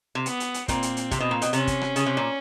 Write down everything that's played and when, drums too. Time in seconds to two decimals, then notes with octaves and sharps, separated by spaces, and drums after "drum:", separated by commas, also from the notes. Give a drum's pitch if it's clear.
0.15 C3
0.26 B3, drum: hi-hat
0.40 drum: hi-hat
0.54 drum: hi-hat
0.68 A#2 C4, drum: kick, hi-hat
0.83 drum: hi-hat
0.97 drum: hi-hat
1.11 C3, drum: kick, hi-hat
1.20 B2
1.31 A#2
1.42 B2, drum: hi-hat
1.53 C3 C#4, drum: hi-hat
1.67 drum: kick, hi-hat
1.81 drum: rim click
1.96 C#3, drum: hi-hat
2.06 C3
2.17 A#2